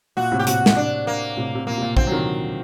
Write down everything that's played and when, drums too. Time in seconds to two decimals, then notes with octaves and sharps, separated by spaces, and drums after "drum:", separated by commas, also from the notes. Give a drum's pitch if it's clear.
0.17 A#2 F#4
0.32 A2 C3
0.39 G4
0.47 A2 C3 F#4, drum: hi-hat
0.66 drum: snare
0.77 D4
1.07 A#3
1.37 A2 C3
1.55 C3
1.67 A#2 A#3
1.78 C3
1.82 A#2
1.97 A#2 D3 C4, drum: kick
2.07 F#3
2.12 C3 D#3